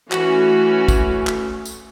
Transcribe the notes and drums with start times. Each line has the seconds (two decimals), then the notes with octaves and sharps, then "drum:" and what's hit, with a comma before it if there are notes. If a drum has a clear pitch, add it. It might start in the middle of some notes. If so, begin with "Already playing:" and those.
0.12 E3 A3 C#4 F#4, drum: clap
0.88 drum: kick, tambourine
1.27 drum: clap
1.65 drum: tambourine